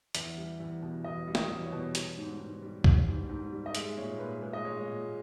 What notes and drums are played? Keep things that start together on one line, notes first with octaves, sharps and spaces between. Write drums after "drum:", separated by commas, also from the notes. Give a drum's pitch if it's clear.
E2 E5, drum: hi-hat
G3
E2
B2
E2 D#5
G3
D#5, drum: snare
E2
C#5
B2
G3, drum: hi-hat
G#2
G#2
G3
G3, drum: kick
G#2
G#2
G3
D#5
G#3 E5, drum: hi-hat
A#2 C#5
A#2 B4
G#3 B4
D#5
G#3 C#5
A#2